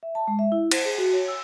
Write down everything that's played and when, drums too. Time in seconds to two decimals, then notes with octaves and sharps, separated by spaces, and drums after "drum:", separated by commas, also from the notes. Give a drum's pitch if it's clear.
0.03 E5
0.15 A5
0.28 G#3
0.39 E5
0.52 E4
0.71 C5, drum: cymbal
0.85 G#4
0.98 F#4
1.13 C#5
1.28 E6